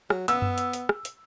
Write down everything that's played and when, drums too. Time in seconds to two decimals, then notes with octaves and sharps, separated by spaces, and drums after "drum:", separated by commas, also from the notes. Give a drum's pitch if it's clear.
0.10 F#3, drum: rim click
0.28 B3 E6, drum: hi-hat
0.42 drum: tom F#2
0.58 drum: hi-hat
0.73 drum: hi-hat
0.89 drum: rim click
1.05 drum: hi-hat